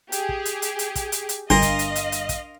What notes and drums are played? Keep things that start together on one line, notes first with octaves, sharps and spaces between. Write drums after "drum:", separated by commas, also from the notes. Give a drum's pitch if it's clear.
G4 G#4, drum: hi-hat
drum: kick
drum: hi-hat
drum: hi-hat
drum: hi-hat
drum: kick, hi-hat
drum: hi-hat
drum: hi-hat
G1 D4 A#4 D#5 F5 C6
drum: kick, hi-hat
drum: hi-hat
drum: hi-hat
drum: hi-hat
drum: kick, hi-hat